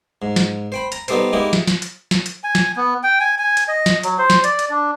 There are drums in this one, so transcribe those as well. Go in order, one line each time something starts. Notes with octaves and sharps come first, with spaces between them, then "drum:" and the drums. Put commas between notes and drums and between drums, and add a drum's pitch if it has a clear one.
G#2
drum: snare
C5 G5 B5
A#5, drum: hi-hat
G3 B3 D#4 G4 A4 C5, drum: hi-hat
G#3 A#3 D#4 E4 G4
drum: snare
drum: snare
drum: hi-hat
drum: snare
drum: hi-hat
G#5
drum: snare
B3
G5
G#5
G#5
drum: hi-hat
D#5
drum: snare
F#3, drum: hi-hat
C5
drum: snare
D5, drum: hi-hat
drum: hi-hat
D4